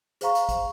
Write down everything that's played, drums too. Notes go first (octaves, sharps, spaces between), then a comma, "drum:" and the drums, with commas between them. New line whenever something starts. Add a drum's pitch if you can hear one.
G#4 C5 F5 A#5 C#6, drum: hi-hat
drum: hi-hat
drum: kick, hi-hat